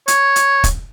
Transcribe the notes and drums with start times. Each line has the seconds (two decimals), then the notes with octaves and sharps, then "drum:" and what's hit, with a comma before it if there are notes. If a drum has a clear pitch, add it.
0.08 C#5, drum: hi-hat
0.36 drum: hi-hat
0.64 drum: kick, hi-hat